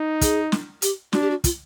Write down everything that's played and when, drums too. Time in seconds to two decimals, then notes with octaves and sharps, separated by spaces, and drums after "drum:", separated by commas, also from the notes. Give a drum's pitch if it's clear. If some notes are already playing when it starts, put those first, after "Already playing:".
Already playing: D#4
0.21 G#4, drum: kick, hi-hat
0.52 drum: snare
0.82 G4, drum: hi-hat
1.13 D4 F#4, drum: snare
1.21 G4
1.30 F#4
1.44 F4, drum: kick, hi-hat